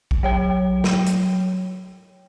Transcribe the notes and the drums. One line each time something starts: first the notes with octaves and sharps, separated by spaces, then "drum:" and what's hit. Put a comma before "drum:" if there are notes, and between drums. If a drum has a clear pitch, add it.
drum: kick A#1
F#3 C#5 G5
drum: snare
drum: hi-hat